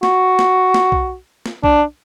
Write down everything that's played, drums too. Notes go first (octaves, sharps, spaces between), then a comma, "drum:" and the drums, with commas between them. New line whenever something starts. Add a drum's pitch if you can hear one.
F#4, drum: snare
drum: snare
drum: snare
drum: kick B1
drum: snare
D4, drum: kick B1